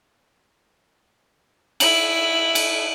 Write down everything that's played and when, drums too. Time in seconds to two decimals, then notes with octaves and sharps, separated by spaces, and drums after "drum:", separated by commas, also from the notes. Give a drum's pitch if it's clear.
1.80 E4 F#7, drum: cymbal
2.55 drum: cymbal